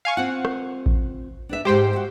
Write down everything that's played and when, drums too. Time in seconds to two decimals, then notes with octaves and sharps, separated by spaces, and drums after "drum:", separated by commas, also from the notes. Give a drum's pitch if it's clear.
0.05 F5 G#5 C#6
0.17 C4 F4 F#5
0.45 drum: rim click
0.86 drum: kick A1
1.49 D4 B4 E5
1.65 G#2 G#3 G4 C5 G5
1.93 F#4 E5